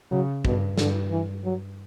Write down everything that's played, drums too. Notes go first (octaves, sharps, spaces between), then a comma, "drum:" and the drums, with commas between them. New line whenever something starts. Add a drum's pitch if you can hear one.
C#3 F#3
G2 B2, drum: kick
G2 D3, drum: snare
E3
F#3